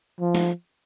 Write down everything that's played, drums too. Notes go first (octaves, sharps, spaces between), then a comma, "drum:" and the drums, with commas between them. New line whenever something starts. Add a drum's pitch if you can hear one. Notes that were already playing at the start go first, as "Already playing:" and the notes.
F3
drum: snare